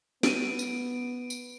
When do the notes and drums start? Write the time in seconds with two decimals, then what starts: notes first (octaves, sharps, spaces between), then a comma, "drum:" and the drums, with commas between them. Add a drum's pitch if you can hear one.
0.23 B3 D7 D#7, drum: snare
0.59 drum: tambourine
1.30 drum: tambourine